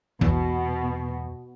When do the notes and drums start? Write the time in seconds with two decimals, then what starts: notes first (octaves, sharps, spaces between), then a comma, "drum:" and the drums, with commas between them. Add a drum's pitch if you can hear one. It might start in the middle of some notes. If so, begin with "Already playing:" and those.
0.21 E2 B2, drum: kick